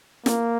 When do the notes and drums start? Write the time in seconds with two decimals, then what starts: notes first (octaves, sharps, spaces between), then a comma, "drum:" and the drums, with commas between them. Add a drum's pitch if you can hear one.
0.26 A#3, drum: snare